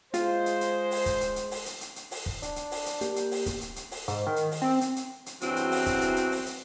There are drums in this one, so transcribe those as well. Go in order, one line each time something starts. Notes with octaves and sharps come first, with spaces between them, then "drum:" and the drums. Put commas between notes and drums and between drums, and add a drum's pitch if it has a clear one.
G#3 F4 C5, drum: hi-hat
drum: hi-hat
drum: hi-hat
drum: open hi-hat
drum: kick, hi-hat
drum: hi-hat
drum: hi-hat
drum: open hi-hat
drum: hi-hat
drum: hi-hat
drum: hi-hat
drum: open hi-hat
drum: kick
D4, drum: hi-hat
drum: hi-hat
drum: open hi-hat
drum: hi-hat
A#3 G4, drum: hi-hat
drum: hi-hat
drum: open hi-hat
drum: kick, hi-hat
drum: hi-hat
drum: hi-hat
drum: open hi-hat
G#2, drum: hi-hat
D#3
drum: hi-hat
drum: open hi-hat
C4
drum: hi-hat
drum: hi-hat
drum: hi-hat
E2 G2 E3 F#3 C4 F#4, drum: hi-hat
drum: hi-hat
drum: open hi-hat
drum: kick, hi-hat
drum: hi-hat
drum: hi-hat
drum: open hi-hat
drum: hi-hat